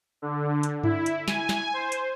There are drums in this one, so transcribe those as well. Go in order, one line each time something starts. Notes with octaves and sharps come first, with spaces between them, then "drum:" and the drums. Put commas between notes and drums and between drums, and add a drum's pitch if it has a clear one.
D3
drum: hi-hat
E4, drum: tom G2
drum: hi-hat
G#5, drum: snare
drum: snare
C5
drum: hi-hat